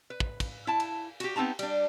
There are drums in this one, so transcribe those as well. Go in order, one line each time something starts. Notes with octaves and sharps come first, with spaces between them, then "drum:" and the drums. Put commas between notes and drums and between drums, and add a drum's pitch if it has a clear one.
B4
drum: kick
drum: kick, cymbal
E4 A5
drum: cymbal
F#4 G4, drum: cymbal
B3 C4 D#4 A5 A#5
G3 D4, drum: cymbal